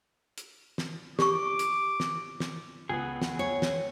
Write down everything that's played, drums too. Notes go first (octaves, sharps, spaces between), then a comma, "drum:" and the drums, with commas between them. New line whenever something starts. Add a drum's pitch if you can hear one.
drum: hi-hat
drum: snare
G4 C#6 D6, drum: snare
drum: hi-hat
drum: snare
drum: snare
C#2 B3 G#4
drum: snare
C#5
drum: snare